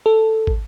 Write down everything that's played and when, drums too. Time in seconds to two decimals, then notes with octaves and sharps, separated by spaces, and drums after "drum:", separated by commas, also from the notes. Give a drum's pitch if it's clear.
0.06 A4
0.47 drum: kick